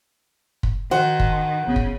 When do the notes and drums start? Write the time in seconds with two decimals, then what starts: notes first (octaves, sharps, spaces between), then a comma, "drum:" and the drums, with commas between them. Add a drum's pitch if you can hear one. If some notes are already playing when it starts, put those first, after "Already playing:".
0.63 drum: kick
0.91 D#3 D#4 F#4 C5
1.20 drum: kick
1.29 G#5 A5 C6
1.67 A#1 C#3 B3 D#6
1.76 drum: kick